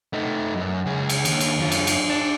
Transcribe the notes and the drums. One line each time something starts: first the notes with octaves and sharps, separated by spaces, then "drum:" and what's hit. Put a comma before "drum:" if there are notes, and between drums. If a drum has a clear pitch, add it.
A3 D#4
F#2
C#2 G#4
drum: cymbal
D#2, drum: cymbal
drum: cymbal
F#2 F4
drum: cymbal
drum: cymbal
D4